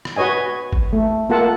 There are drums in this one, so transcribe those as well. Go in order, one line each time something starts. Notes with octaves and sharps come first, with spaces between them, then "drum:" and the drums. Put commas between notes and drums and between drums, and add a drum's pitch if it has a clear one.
drum: rim click
F#4 B4 C#5 D#5 G#5
drum: kick G#1
A3
A#3 F4 A4 F#5 A5